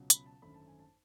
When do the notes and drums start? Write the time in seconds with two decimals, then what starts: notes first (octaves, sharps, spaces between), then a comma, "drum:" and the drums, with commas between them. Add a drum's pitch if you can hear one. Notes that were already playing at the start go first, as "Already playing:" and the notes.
Already playing: C#2 B2 F#3 C#4
0.10 B5, drum: hi-hat
0.26 A5
0.42 G#1 F#2 D3 A3 B5
0.54 A5
0.67 G#5
0.79 A5